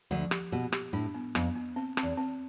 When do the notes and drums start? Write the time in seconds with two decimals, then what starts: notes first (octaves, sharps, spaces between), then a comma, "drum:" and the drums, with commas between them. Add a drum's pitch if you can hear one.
0.11 D2 D3 F3
0.31 G4, drum: rim click
0.52 B2 G4
0.72 G4, drum: rim click
0.93 A2 D4
1.15 B3
1.35 F2 B3, drum: rim click
1.56 B3
1.76 C4
1.97 C4, drum: rim click
2.03 E2
2.17 C4